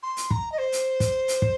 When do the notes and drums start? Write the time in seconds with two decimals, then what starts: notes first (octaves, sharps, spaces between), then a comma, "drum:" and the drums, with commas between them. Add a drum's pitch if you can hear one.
0.03 C6
0.17 drum: hi-hat
0.31 A#5, drum: kick
0.52 D#5
0.59 C5
0.72 drum: hi-hat
1.00 drum: kick, hi-hat
1.28 drum: hi-hat
1.42 drum: kick